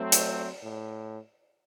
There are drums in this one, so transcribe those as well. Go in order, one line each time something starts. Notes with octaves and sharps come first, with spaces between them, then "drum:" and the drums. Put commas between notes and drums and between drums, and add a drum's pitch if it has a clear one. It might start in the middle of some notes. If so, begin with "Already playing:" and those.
Already playing: F#3 A3 C4
drum: hi-hat
A2